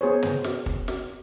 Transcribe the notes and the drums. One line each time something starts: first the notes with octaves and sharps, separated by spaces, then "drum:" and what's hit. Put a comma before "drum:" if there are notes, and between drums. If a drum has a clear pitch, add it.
B3 G#4 C5 C#5
drum: tom
drum: snare
drum: kick
drum: snare